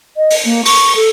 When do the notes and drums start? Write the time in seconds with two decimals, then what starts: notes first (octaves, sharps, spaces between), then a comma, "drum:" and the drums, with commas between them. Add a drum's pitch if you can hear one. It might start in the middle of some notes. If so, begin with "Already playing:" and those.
0.17 D#5
0.30 drum: open hi-hat
0.45 A#3
0.65 C#6, drum: open hi-hat
0.96 A4